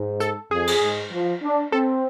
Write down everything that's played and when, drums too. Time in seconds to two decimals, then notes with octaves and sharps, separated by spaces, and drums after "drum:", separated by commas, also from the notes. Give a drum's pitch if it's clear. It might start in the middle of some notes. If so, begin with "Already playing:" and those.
Already playing: G#2
0.20 A4, drum: hi-hat
0.51 F2 G#4
0.67 drum: cymbal
0.81 G#2
1.12 F3
1.43 D4
1.72 C4 A4